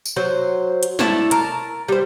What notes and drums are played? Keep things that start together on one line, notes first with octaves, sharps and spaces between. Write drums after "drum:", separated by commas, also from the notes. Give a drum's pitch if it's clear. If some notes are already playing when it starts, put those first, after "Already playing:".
drum: tambourine
F#3 C5
drum: hi-hat
A3 D4 E4 A5, drum: snare
A#4 A5, drum: hi-hat
G3 C5